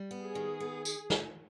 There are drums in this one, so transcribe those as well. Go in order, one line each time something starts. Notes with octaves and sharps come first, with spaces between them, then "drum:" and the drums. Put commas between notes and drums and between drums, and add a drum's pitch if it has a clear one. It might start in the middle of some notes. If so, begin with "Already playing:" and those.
Already playing: G3
B3
G#4
D#3
B3
drum: tambourine
drum: snare